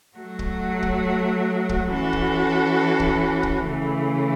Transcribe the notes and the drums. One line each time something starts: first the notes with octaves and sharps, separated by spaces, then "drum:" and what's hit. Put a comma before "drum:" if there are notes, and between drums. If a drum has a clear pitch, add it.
F#3 A3 F#4
drum: kick
drum: kick
drum: kick
E3 C#4 F#4 A4
drum: kick
drum: kick
drum: kick
C#3 E3 A3